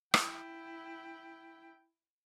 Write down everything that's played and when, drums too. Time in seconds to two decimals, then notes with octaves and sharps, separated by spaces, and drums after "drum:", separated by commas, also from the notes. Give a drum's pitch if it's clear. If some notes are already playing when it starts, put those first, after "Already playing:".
0.14 E4 G5, drum: rim click